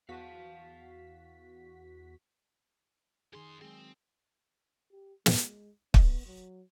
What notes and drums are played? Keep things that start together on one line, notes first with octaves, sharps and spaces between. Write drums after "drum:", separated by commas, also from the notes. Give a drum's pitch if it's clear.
E2 F#4 F5 A5 B6
F2 D#3 D#4 G#4 C6
F#3 G#3 C4 G#4
G4
G#3, drum: snare
A#1 B3 D#5, drum: kick
F#3